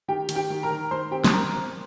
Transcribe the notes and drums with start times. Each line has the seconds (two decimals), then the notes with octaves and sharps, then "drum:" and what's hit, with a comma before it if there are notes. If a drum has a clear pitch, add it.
0.08 D#3 G4 G5
0.29 D#3, drum: hi-hat
0.36 G4 G5
0.50 D#3
0.63 A#4 A#5
0.70 D#3
0.91 D#3 C5 C6
1.11 C4 G4 G5
1.24 C6, drum: snare
1.32 C4 A#4 A#5
1.53 C4